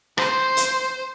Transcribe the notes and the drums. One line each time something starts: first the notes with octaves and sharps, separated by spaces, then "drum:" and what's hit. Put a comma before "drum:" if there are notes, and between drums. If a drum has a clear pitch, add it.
C5, drum: rim click
drum: hi-hat